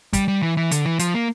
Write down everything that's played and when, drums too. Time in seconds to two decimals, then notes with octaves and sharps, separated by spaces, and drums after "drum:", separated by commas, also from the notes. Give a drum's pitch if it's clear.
0.13 G3, drum: kick, hi-hat
0.28 G3
0.42 E3
0.57 E3
0.71 D3, drum: hi-hat
0.85 E3
0.99 F3, drum: hi-hat
1.14 A#3